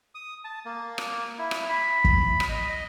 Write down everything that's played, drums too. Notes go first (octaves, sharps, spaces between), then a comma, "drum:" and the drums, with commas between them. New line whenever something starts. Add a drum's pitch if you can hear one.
D#6
A5
A#3
drum: rim click
E4
drum: rim click
B5
drum: kick
drum: rim click
D#5
D#5